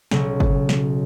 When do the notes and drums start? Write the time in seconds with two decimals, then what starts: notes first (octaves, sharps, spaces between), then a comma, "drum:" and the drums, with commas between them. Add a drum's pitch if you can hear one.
0.11 B1 C#3 F#3, drum: snare
0.40 drum: kick G1
0.69 drum: snare